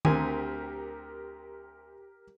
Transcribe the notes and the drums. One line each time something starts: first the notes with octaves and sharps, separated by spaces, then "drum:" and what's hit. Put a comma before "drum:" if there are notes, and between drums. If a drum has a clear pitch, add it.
D2 C4 G4 A#4 G#5, drum: tom D#3